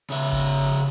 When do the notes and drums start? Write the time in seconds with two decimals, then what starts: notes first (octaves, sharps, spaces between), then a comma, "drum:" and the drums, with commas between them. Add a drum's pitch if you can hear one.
0.10 C#3 E5
0.32 drum: kick F#1, hi-hat